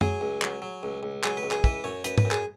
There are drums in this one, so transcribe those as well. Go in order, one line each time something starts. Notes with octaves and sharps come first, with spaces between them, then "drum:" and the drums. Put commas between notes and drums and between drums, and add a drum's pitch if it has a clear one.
F#3 G#4, drum: tom F#2
C#2
F#3, drum: clap
F#3
C#2
C#2
F#3 G#4, drum: clap
B4
C#2
G#4, drum: clap
E3 B4, drum: kick
F#2 C#5
F#2 B4, drum: hi-hat
B4, drum: tom G#2
F#2
G#4, drum: clap